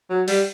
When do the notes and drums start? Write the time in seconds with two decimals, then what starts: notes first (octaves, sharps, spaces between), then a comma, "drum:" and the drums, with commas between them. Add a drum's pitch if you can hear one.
0.10 F#3
0.28 G3, drum: open hi-hat